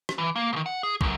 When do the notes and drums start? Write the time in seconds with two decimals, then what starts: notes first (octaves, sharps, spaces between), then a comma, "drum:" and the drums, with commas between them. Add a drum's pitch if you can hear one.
0.09 drum: rim click
0.18 E3
0.36 A#3
0.53 B2 D#3
0.66 F#5
0.83 G#4
1.01 C#2 F#2, drum: kick